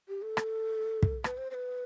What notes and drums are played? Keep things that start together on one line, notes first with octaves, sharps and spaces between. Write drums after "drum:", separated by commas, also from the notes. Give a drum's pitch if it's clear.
G4
A4
drum: rim click
drum: kick
B4, drum: rim click
C5
C5
B4